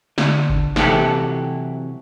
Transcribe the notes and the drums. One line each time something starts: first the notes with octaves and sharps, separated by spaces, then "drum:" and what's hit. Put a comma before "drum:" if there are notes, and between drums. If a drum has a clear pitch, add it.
D3, drum: snare
drum: kick G1
C3 E3 F#3 F#4 G4 A4, drum: snare